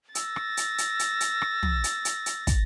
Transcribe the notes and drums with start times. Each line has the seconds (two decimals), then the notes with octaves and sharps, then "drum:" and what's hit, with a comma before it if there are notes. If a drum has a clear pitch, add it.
0.15 E6 A6 A#6, drum: hi-hat
0.36 drum: rim click
0.57 drum: hi-hat
0.78 drum: hi-hat
0.99 drum: hi-hat
1.20 drum: hi-hat
1.42 drum: rim click
1.63 drum: tom
1.84 drum: hi-hat
2.05 drum: hi-hat
2.26 drum: hi-hat
2.47 drum: kick, hi-hat